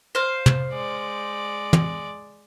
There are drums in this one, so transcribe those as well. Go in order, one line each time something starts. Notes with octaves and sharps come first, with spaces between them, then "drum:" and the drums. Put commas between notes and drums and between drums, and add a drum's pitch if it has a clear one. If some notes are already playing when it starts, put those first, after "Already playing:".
C5 F5
drum: tom
G#3 D5
drum: tom